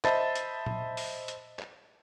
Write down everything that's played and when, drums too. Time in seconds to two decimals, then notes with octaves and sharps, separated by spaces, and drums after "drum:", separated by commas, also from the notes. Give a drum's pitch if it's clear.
0.05 C5 D#5 E5 A5 B5 A6, drum: clap
0.35 drum: hi-hat
0.66 drum: tom A#2
0.97 drum: open hi-hat
1.28 drum: hi-hat
1.59 drum: clap